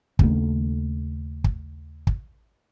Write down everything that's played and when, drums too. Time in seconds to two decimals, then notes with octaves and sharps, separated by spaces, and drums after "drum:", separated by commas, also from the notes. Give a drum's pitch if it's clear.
0.19 D#2 C#3 A3, drum: kick
1.44 drum: kick
2.07 drum: kick